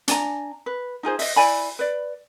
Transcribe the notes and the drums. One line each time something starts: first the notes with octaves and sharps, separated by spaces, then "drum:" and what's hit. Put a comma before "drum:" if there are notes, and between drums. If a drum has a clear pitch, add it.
D4 G#5 A#5, drum: hi-hat
B4
D#4 F4 G#4 C5
D#5 E5, drum: open hi-hat
E4 D5 G#5 B5
B4 D5